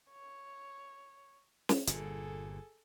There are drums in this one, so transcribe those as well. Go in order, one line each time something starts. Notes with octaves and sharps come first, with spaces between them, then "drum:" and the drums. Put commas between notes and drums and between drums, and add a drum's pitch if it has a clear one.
C#5
drum: snare
G1 A#2 G#4 A4, drum: hi-hat